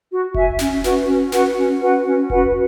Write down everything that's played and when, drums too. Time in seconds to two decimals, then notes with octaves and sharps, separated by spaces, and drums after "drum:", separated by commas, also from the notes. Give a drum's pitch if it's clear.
0.10 F#4
0.34 E5 G#5, drum: kick F1
0.59 C#4, drum: snare
0.84 F#4 B4 F#5, drum: snare
1.08 C#4
1.32 F#4 B4 F#5, drum: snare
1.56 C#4
1.80 F#4 B4 F#5
2.05 C#4
2.30 F#4 B4 F#5, drum: kick F1